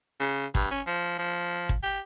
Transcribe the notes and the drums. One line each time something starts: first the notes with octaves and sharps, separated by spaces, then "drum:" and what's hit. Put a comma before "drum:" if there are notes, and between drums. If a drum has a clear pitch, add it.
C#3
G2, drum: kick
C#4
F3
F3
drum: kick
G4